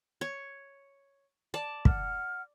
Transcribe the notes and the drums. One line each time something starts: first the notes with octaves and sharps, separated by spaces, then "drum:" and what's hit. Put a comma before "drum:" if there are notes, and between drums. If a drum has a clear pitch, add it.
C#5
D5 A5
F#5 F6, drum: kick